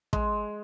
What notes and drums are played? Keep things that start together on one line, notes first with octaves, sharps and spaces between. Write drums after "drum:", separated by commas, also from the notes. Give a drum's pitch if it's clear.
G#3, drum: kick